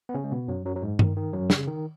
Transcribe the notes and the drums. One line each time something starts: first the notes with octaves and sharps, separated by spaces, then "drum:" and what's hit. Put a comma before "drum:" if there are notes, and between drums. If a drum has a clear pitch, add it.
B3
C#3 C#4
G#3
B2 B3
F#2 F#3
F#2 F#3
F#3
G#2 G#3
D#3, drum: tom G2
D#3
F#2 F#3
C#3, drum: snare
D#3